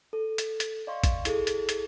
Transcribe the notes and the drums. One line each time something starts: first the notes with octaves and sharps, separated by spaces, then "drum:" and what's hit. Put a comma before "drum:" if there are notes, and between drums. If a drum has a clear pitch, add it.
A4
drum: hi-hat
drum: hi-hat
D5 D#5 F5 C6 C#6
drum: kick, hi-hat
E4 G#4 A4, drum: hi-hat
drum: hi-hat
drum: hi-hat